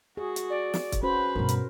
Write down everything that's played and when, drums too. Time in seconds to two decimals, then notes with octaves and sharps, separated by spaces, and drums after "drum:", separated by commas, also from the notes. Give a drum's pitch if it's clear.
0.17 F#4 G#4
0.36 drum: hi-hat
0.50 D5
0.74 drum: snare
0.92 drum: kick, hi-hat
1.03 C#4 F#4 B4 C5 B5
1.36 G2 B2 A#4
1.48 drum: hi-hat